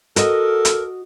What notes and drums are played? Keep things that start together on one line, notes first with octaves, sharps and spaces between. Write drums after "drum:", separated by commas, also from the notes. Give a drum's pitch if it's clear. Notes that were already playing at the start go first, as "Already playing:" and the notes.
F#4 A4 A#4 D#5, drum: hi-hat
drum: hi-hat